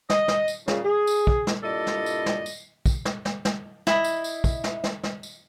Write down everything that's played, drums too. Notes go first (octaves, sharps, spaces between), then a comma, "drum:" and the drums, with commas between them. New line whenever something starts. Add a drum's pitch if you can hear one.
D#5, drum: snare
drum: snare
drum: tambourine
A#2 C#3, drum: snare
G#4
drum: tambourine
drum: kick
drum: snare
G2 A#2 E4 A4 D5 D#5
drum: snare
drum: tambourine
drum: snare
drum: tambourine
drum: kick, tambourine
drum: snare
drum: snare
drum: snare
E4 D#5 B5, drum: snare
drum: tambourine
drum: tambourine
drum: kick, tambourine
drum: snare
drum: snare
drum: snare
drum: tambourine